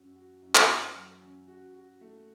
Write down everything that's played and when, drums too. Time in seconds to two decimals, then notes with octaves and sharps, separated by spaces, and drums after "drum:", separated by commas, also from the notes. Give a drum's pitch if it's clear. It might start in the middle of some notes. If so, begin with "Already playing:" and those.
Already playing: F#2 C#4 F#4
0.16 F#4
0.42 F#2
0.55 drum: clap
0.68 F#2
0.95 F#3
1.21 C#4
1.48 F#4
1.74 F#4
2.01 A3